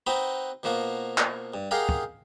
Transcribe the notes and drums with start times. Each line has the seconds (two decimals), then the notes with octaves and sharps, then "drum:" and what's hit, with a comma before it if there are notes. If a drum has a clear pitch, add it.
0.07 C4 D#4 F#4 B4
0.63 B2 F3 A#3 F#4
1.18 drum: clap
1.54 G2
1.71 G4 G#4 A#4 D#5 F5 F#5
1.89 drum: kick